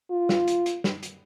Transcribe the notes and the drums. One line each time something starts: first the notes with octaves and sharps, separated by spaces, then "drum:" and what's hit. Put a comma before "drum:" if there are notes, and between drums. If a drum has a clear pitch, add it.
F4
drum: snare
drum: hi-hat
drum: hi-hat
drum: snare
drum: hi-hat